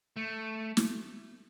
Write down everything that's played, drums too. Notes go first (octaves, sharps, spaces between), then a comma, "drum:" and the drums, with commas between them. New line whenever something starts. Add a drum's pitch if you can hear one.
A3
drum: snare